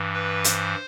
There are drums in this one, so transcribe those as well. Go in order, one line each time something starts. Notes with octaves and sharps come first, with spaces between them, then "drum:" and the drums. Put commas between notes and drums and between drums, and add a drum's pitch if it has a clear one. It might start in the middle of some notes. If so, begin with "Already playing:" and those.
Already playing: G2 E3
B4
C5, drum: hi-hat